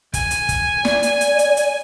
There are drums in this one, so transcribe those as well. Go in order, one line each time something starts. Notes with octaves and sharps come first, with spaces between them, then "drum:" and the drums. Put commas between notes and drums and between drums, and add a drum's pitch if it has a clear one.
G#5, drum: kick, hi-hat
drum: hi-hat
drum: kick, hi-hat
D5, drum: snare
drum: hi-hat
drum: hi-hat
drum: hi-hat
drum: hi-hat